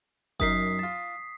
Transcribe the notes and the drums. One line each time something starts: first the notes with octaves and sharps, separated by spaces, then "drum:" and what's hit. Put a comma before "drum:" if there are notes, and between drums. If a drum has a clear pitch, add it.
F#2 D#4 A#4 D#6 B6 C7, drum: kick F#1
F4 A5